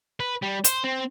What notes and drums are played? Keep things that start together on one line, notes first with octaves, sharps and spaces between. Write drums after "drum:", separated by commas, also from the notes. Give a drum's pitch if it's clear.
B4
G3
C5, drum: hi-hat
C4